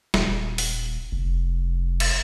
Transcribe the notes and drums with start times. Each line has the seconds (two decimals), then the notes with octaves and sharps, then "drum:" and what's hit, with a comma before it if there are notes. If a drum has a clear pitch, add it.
0.14 D#1, drum: snare
0.58 drum: open hi-hat
1.12 F1
2.00 drum: cymbal